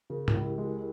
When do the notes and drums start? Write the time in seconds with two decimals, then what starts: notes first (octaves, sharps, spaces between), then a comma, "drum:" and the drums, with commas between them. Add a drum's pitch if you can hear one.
0.10 C#3 A#4
0.28 E4, drum: tom G#2
0.34 C#2
0.46 G4
0.58 G#3
0.64 G#4